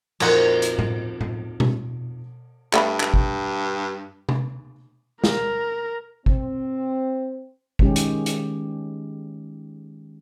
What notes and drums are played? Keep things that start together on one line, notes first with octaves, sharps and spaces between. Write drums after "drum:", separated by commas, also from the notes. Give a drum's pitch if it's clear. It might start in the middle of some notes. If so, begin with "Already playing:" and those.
F2 A#2 D#4 F#4 F#5 C6, drum: cymbal
drum: hi-hat
drum: tom A2
drum: tom A2
drum: tom B2
G2 A3 B5, drum: clap
drum: clap
drum: kick
drum: tom C3
A#4, drum: snare
C4, drum: kick
D#3 G#3 C#4 G4, drum: kick
drum: hi-hat
drum: hi-hat